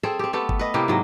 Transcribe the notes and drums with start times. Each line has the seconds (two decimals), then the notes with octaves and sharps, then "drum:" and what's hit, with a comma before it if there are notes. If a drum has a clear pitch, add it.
0.03 C4 G#4 A4
0.19 C4 G4
0.33 A3 B3 G4 A4
0.49 drum: kick G1
0.59 B4 D#5
0.74 C3 A#3 E4 G4
0.88 G#2 F#3 D#5